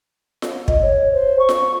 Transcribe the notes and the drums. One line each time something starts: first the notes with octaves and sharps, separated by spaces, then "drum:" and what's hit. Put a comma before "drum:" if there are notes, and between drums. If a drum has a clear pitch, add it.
drum: snare F4
D#5, drum: kick
C#5
C5
C#6
drum: snare F4